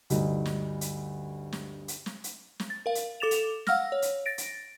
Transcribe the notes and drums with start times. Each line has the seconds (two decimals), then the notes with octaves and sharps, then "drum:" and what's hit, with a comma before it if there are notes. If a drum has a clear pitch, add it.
0.10 D2 G2 D#4, drum: hi-hat
0.45 drum: snare
0.81 drum: hi-hat
1.53 drum: snare
1.88 drum: hi-hat
2.06 drum: snare
2.24 drum: hi-hat
2.60 drum: snare
2.70 A6
2.86 A#4 F5
2.95 drum: hi-hat
3.20 A4 D6 A6 E7 F7
3.31 drum: hi-hat
3.67 F5 F#5 E6 F6 A#6, drum: snare
3.92 C#5
4.02 drum: hi-hat
4.26 A6 A#6 D7
4.38 drum: hi-hat